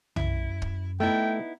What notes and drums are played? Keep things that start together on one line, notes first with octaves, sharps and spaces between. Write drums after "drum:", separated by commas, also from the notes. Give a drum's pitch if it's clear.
F#2 E4, drum: tom B1
drum: kick
A3 B3 D#4 E4 G5